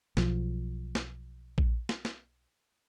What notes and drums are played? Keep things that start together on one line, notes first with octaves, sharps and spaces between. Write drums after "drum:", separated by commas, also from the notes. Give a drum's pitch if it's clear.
B1 F3, drum: snare
drum: snare
drum: kick A#1
drum: snare
drum: snare